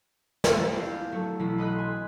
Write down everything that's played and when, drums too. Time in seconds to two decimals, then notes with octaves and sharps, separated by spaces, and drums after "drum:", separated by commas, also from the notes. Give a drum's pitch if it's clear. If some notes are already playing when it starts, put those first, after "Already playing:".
0.44 drum: snare
0.72 B3 C4 D4 E4 F4 G4
1.12 F#3 A3
1.39 B1 E3 B3 E4 B6
1.58 B4 D#5 B5 F#6
1.76 G#5 C6